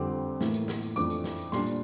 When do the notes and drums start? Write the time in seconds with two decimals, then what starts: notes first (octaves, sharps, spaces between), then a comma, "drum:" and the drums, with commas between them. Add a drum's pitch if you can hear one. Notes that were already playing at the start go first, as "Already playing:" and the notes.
Already playing: F2 D3 G3 C4 D6
0.41 A2 E3 A#3, drum: snare
0.54 drum: tambourine
0.68 drum: snare
0.82 drum: tambourine
0.96 F2 E3 A3 D4 D6, drum: tambourine
1.10 drum: tambourine
1.24 drum: snare
1.38 drum: tambourine
1.52 A#2 G3 D4 C6, drum: snare
1.66 drum: tambourine